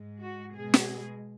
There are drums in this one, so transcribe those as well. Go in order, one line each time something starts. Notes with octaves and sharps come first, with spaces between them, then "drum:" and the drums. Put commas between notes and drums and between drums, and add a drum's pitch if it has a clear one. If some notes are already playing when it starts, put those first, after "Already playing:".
Already playing: G#2 G#3
F#4
B2 G#3 G#4
drum: snare